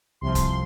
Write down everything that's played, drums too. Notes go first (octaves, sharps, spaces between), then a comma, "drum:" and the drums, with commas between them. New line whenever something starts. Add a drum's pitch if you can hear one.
C2 C3 F3 C6
drum: kick, hi-hat
C6